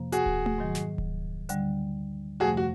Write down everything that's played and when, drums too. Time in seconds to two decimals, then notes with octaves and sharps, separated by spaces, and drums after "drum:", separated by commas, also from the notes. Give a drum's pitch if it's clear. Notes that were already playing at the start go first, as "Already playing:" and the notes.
Already playing: F2 C3 F3 A#3
0.12 F#4 G#4, drum: hi-hat
0.26 drum: kick D1
0.46 drum: tom A3
0.58 G#2 D#3 F#3
0.75 drum: snare
0.98 drum: kick D1
1.49 D2 D3 G3, drum: hi-hat
2.40 F2 C3 F3 A3 F#4 G#4
2.57 F#4